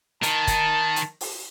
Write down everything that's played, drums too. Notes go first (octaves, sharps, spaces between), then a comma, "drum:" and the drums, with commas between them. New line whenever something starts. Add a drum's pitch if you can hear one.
D#3 A5, drum: hi-hat
drum: kick, hi-hat
drum: hi-hat
drum: open hi-hat